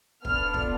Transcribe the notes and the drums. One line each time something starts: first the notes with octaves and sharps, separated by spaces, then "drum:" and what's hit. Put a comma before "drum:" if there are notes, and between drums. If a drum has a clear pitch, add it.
B3 D4 F4 A4 F6, drum: kick
drum: kick